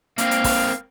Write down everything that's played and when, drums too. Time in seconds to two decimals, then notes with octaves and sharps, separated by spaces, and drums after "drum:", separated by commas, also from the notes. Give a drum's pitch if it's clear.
0.18 A#3 C4 F5, drum: hi-hat
0.31 drum: hi-hat
0.44 drum: kick, open hi-hat